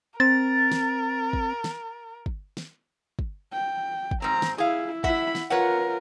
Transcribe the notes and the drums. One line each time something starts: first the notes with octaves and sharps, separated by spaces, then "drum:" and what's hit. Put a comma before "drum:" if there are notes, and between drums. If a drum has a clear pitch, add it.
C4 A#4 A6
drum: snare
drum: kick
drum: snare
drum: kick
drum: snare
drum: kick
G5
drum: kick
G#2 C4 A#5
drum: snare
E4 G#4 F5
E4 E5 F#5 B5, drum: kick
drum: snare
F4 A#4 B4 C#5 F#5